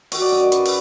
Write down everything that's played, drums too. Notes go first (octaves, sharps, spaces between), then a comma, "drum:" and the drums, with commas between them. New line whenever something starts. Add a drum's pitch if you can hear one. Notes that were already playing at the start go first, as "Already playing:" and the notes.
D#3 F#4, drum: open hi-hat
D5
F#2 D#5
D5
F#2 B4, drum: hi-hat
B4, drum: open hi-hat